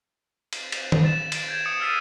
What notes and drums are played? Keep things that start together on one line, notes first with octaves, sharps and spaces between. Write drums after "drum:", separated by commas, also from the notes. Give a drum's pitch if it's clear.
drum: cymbal
drum: cymbal
drum: tom D#3
A6 E7
A6 D7, drum: cymbal
G6 G#6 E7
D#6 C#7 D7 E7
E6 F6 A6 B6 C7 D#7